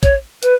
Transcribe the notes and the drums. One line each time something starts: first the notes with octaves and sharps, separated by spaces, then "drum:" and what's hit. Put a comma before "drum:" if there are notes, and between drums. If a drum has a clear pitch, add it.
C#5, drum: kick A#1, hi-hat
B4, drum: hi-hat